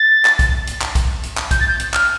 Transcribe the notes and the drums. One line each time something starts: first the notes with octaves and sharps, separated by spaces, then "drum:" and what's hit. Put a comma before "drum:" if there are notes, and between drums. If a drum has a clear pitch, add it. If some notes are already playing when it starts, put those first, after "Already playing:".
Already playing: A6
drum: clap
drum: kick B1, hi-hat
drum: hi-hat
drum: clap
drum: kick B1, hi-hat
drum: hi-hat
drum: clap
G6, drum: kick B1, hi-hat
A6
G6
drum: hi-hat
F6, drum: clap